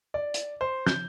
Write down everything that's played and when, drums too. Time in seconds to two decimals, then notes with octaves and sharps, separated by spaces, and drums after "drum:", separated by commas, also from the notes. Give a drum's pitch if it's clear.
0.14 D5
0.34 drum: hi-hat
0.61 C5
0.86 G6, drum: snare